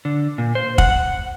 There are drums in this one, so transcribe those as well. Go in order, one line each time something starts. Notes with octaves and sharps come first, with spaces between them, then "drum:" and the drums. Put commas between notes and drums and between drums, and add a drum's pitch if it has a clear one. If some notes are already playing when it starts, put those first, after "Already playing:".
D3
A#2
C5
F#5, drum: kick